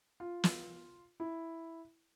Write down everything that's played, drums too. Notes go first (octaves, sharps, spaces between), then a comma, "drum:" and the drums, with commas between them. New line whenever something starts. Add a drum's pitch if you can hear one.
F4
drum: snare
E4